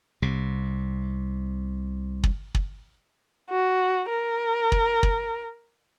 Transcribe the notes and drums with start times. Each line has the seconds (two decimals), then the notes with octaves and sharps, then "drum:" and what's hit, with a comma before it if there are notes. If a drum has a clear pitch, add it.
0.22 C2 C3
2.23 drum: kick
2.55 drum: kick
3.50 F#4
4.10 A#4
4.72 drum: kick
5.03 drum: kick